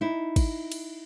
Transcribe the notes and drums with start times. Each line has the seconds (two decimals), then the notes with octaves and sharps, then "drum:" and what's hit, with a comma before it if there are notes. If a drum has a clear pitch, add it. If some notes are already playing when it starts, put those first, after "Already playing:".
0.01 D#4 E4
0.36 drum: kick G#1, cymbal
0.72 drum: cymbal